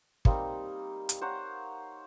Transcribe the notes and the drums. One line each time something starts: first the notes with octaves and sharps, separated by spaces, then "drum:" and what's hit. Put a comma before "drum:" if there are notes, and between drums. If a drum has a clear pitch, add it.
G3 A#3 C4 D#4, drum: kick
drum: hi-hat
C5 C#5 F#5 A#5